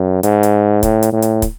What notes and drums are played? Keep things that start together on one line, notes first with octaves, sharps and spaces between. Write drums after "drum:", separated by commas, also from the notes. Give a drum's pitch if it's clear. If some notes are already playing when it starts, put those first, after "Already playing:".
Already playing: F#2
G#2, drum: hi-hat
drum: hi-hat
A2, drum: kick, hi-hat
drum: hi-hat
A2
drum: hi-hat
drum: kick, hi-hat